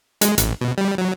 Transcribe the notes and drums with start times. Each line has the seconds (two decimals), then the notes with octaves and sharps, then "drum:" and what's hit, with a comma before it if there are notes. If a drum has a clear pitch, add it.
0.21 G#3, drum: hi-hat
0.38 A1, drum: hi-hat
0.61 B2
0.78 G3
0.98 F#3